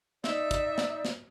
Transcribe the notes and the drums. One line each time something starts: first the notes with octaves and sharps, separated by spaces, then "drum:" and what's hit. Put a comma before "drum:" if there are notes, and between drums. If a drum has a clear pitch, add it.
D#4 D5 E5, drum: snare
drum: kick, hi-hat
drum: snare
drum: snare